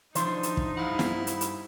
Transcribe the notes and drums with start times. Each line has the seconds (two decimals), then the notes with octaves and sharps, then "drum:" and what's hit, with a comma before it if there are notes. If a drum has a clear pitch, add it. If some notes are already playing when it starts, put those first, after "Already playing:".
0.15 E3 F3 D4 D#4 C5, drum: hi-hat
0.43 drum: hi-hat
0.57 drum: kick
0.77 G2 E4 F5 F#5
0.99 drum: snare
1.27 drum: hi-hat
1.41 drum: hi-hat